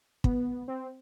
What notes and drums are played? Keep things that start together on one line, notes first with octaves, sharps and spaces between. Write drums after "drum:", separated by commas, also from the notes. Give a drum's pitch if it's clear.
B3, drum: kick
C4